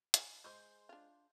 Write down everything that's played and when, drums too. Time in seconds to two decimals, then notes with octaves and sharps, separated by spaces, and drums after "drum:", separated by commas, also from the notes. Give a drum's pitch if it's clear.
0.14 G#5 B5, drum: hi-hat
0.44 G#3 C5 C6 G6
0.89 D4 F4